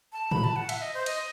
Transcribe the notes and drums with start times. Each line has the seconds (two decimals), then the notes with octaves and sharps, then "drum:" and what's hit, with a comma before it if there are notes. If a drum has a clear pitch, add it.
0.13 A5
0.31 B5, drum: tom
0.44 A5
0.56 F#5
0.69 E5, drum: cymbal
0.82 D#5
0.94 C5
1.06 D#5, drum: cymbal